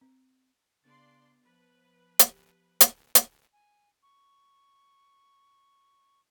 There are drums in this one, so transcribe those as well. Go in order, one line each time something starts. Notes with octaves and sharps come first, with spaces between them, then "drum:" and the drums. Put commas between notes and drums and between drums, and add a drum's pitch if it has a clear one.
C4
C#3 B3 D4 D5 C6 A6
F3 B4
G4, drum: hi-hat
drum: hi-hat
drum: hi-hat
G#5
C#6